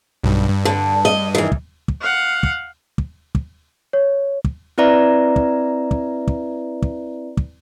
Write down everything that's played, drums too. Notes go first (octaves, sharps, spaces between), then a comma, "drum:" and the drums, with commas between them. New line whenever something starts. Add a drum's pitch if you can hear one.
B1 G2
G2
D3
D#5
D#3 E3
drum: kick
drum: kick
F5 F#5
drum: kick
drum: kick
drum: kick
C#5
drum: kick
C4 E4 B4 D5 E5 A#5
drum: kick
drum: kick
drum: kick
drum: kick
drum: kick